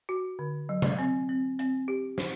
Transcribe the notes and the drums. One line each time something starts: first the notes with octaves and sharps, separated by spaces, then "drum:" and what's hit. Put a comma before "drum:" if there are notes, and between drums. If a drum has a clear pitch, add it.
F#4
D3
F#3
drum: tom C3
C4
C4
C4, drum: hi-hat
G4
C5, drum: snare